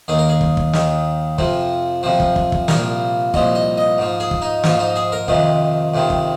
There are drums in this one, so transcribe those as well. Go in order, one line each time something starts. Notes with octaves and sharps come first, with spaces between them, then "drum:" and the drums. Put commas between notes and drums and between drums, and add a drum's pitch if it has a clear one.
D#2 D#3 G#4
A#4
G#4
drum: kick
drum: kick
D#2 D#3, drum: snare
F2 C3 F3, drum: kick
F2 C3 F3
drum: kick
drum: kick
drum: kick
C2 A#2 F3 A#4, drum: snare
C2 A#2 F3 D#5, drum: kick
D#5
D#5
G#2 F3
G#4
drum: kick
D#4
G#2 F3 F4, drum: snare
D#4
G#4
A#4
F2 C3 D#3, drum: kick
F2 C3 D#3
drum: kick